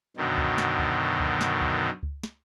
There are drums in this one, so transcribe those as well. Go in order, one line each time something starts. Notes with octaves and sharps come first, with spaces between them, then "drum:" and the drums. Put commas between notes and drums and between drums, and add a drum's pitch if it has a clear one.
F#2 B2 D3 D#3
drum: kick C#2
drum: snare
drum: kick C#2
drum: kick C#2
drum: snare
drum: kick C#2
drum: kick C#2
drum: snare